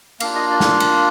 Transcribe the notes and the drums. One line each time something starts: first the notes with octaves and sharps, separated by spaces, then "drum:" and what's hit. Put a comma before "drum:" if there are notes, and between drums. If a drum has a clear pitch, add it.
A#3 D4 F4 F5, drum: cymbal
D#5
D5
drum: snare
drum: cymbal